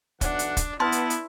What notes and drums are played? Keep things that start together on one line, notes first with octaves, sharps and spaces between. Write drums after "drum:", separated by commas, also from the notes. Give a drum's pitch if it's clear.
B1 E3 D4 F#5, drum: kick, hi-hat
drum: hi-hat
drum: kick, hi-hat
B3 E4 B4 A5 C6
drum: hi-hat
drum: hi-hat